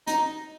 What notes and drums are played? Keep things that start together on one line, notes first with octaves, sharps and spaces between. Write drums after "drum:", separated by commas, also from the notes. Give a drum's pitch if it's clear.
D#4, drum: hi-hat